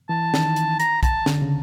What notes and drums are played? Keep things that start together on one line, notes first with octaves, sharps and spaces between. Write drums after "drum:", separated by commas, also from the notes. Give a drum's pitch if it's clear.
E3 A5
D#3, drum: snare
drum: hi-hat
A#5, drum: hi-hat
A5, drum: kick B1, hi-hat
D3, drum: snare
C#3